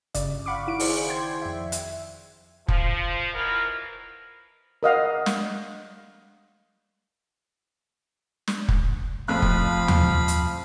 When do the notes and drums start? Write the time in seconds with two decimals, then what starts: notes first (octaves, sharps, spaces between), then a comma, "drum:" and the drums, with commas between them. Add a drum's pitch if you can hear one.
0.14 G1 C#3 D5, drum: hi-hat
0.46 F5 F#5 B5 C#6 D6
0.67 D#3 E4 D7
0.80 G#4 C5 D5, drum: open hi-hat
1.09 G5 C6 G#6
1.42 F2 E5
1.72 drum: hi-hat
2.68 F3, drum: kick
3.33 B2 E3 F3 E4 A#4
4.83 A#4 D#5 F5 F#5
5.26 drum: snare
8.47 drum: snare
8.68 drum: kick
9.28 A1 F2 F3 F5 B5 F#6
9.42 drum: kick
9.88 drum: tom
10.28 drum: hi-hat